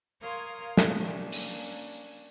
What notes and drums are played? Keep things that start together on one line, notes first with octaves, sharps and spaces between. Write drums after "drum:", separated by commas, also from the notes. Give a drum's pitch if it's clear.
A#4 C#5 F5 C6 D#6 G#6
drum: snare
A#3 C#4 D4
drum: open hi-hat